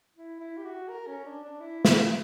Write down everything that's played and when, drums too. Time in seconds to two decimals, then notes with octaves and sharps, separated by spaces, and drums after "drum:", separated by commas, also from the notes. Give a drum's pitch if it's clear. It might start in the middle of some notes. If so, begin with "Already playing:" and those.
0.17 E4
0.40 E4
0.58 G4
0.65 F#4
0.88 A#4
1.07 C#4
1.25 D4
1.43 D4
1.60 E4
1.85 E4, drum: snare